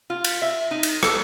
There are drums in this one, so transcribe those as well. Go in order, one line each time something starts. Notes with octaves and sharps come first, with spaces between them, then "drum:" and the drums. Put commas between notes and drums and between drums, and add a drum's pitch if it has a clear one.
F4
drum: cymbal
E5
D#4
drum: cymbal
A4, drum: rim click